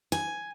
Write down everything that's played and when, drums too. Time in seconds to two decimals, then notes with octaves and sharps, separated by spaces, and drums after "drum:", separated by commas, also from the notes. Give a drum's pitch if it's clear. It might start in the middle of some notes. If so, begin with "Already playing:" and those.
0.12 G#5, drum: snare